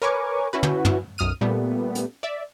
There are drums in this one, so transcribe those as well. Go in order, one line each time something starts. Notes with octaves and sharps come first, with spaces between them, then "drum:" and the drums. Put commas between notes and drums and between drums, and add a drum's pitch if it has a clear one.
A#4 B4 C#5 G#5 C#6 D6
C#4 E4 F#4 B4
drum: tom
drum: tom
B1 F#2 D#6 F6 D#7
A#2 G3 A3 B3
drum: hi-hat
D5 E5